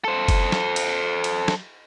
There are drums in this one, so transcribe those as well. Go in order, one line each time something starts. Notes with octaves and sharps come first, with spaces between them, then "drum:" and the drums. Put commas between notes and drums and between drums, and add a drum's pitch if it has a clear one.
A4 C5
drum: kick F#1, cymbal
drum: snare
drum: cymbal
drum: cymbal
drum: snare